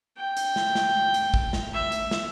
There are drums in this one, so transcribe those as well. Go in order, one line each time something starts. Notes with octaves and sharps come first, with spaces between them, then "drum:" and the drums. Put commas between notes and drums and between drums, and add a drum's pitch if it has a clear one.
G5
drum: hi-hat
drum: snare
drum: snare
drum: hi-hat
drum: kick A1
drum: snare
E5
drum: hi-hat
drum: snare